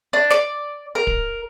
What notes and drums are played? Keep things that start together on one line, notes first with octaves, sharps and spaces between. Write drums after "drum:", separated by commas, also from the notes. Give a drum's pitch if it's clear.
D4
D5, drum: snare
A#4
drum: kick